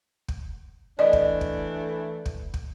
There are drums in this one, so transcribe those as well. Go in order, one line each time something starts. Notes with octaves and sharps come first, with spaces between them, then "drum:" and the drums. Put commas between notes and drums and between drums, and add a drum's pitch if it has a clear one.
drum: kick
E3 A3 D4 D5 D#5
drum: kick
drum: kick
drum: kick
drum: kick